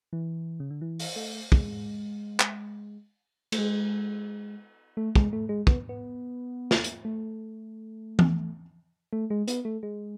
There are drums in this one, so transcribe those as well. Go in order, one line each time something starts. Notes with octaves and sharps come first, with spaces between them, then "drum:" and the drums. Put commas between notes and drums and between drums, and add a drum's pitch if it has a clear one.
E3
C#3
D3
E3
drum: open hi-hat
A3
G#3, drum: kick
drum: clap
A3, drum: cymbal
G#3
A3
G#3, drum: kick
A3
G#3
B3, drum: kick
B3
drum: snare
drum: hi-hat
A3
drum: tom E3
A3
G#3
B3, drum: hi-hat
A3
G#3